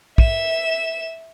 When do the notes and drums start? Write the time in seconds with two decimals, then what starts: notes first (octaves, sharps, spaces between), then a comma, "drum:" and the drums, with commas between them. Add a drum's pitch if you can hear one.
0.18 E5 E7, drum: kick